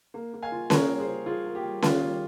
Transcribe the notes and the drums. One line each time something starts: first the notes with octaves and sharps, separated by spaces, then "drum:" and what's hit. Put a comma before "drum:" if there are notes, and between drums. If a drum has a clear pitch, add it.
A#3
A#3
F5 G#5
F4
A#3 A#4 C#5, drum: snare C#4
G3
G#4 C5
F4
F4 G#4
A#3
G4
G3
D#3 F4, drum: snare C#4
G3